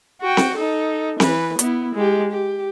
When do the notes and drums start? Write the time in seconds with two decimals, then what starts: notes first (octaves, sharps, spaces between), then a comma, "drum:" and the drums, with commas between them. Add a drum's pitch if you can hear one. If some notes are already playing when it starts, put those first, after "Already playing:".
0.21 F#4 G5
0.37 drum: snare C4
0.56 D#4 A4
1.20 E3 B4, drum: snare C4
1.59 B3 E4, drum: hi-hat
1.95 G#3 G4
2.32 G4